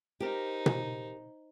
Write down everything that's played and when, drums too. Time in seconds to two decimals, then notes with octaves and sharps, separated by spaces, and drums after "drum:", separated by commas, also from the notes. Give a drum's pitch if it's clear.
0.20 D#4 G4 A#4 C5
0.66 drum: tom B2